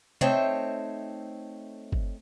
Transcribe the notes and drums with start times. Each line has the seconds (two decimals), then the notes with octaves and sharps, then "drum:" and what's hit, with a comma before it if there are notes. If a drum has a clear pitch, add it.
0.21 A3 C4 D#4 C5 C#5 E5, drum: tom C3
1.92 drum: kick G1